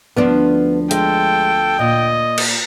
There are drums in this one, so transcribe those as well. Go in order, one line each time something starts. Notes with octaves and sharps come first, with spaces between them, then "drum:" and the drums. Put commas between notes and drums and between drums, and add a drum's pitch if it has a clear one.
D2 F3 B3 D4
G#3 A4 G5, drum: hi-hat
A#2 D#5
drum: cymbal